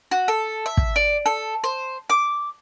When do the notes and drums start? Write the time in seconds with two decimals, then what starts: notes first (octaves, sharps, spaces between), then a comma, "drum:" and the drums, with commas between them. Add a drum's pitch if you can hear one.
0.11 F#4
0.28 A4
0.66 E5
0.77 drum: kick
0.96 D5
1.26 A4
1.64 C5
2.10 D6